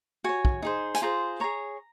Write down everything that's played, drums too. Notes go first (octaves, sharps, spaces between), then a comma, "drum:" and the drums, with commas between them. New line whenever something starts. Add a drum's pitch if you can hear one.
F#4 C#5 G#5
drum: kick
D#4 G#4 C5
G#5, drum: hi-hat
F4 G#4 C5 A#5
G#4 C#5 A#5